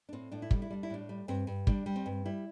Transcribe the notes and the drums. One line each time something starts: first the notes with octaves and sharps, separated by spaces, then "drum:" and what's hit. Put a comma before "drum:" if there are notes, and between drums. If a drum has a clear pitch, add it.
D4
A2 C4
A2 D4
E4
G3 D4, drum: kick
E4
G3 D4
E4
A2 D4
G3
G2 C4
G2
G3 D4, drum: kick
G3
C4
G2
G3 E4